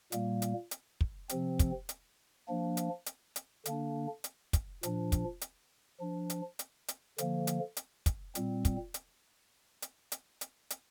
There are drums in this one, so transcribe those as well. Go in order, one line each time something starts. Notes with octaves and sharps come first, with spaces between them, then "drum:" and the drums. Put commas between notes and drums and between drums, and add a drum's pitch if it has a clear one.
A#2 G3 A#3, drum: hi-hat
drum: hi-hat
drum: hi-hat
drum: kick
C3 F3 C4, drum: hi-hat
drum: kick, hi-hat
drum: hi-hat
F3 A#3 D4
drum: hi-hat
drum: hi-hat
drum: hi-hat
D3 A#3 D4, drum: hi-hat
drum: hi-hat
drum: kick, hi-hat
A#2 F3 D4, drum: hi-hat
drum: kick, hi-hat
drum: hi-hat
F3 D4
drum: hi-hat
drum: hi-hat
drum: hi-hat
D3 F3 A#3, drum: hi-hat
drum: hi-hat
drum: hi-hat
drum: kick, hi-hat
A#2 G3 C4, drum: hi-hat
drum: kick, hi-hat
drum: hi-hat
drum: hi-hat
drum: hi-hat
drum: hi-hat
drum: hi-hat